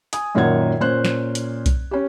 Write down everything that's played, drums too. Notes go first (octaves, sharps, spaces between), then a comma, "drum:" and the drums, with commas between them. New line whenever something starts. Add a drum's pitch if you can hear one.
G#5 D#6, drum: hi-hat
F#2 A#2 D#3 C#5 F#5 G#6
A#2 C#4 C5 F#6
drum: snare
drum: hi-hat
drum: kick B1, hi-hat
C#4 G4